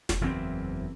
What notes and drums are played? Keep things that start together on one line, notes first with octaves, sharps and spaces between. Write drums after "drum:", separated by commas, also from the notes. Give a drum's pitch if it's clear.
drum: snare
F#1 E2 E3 C4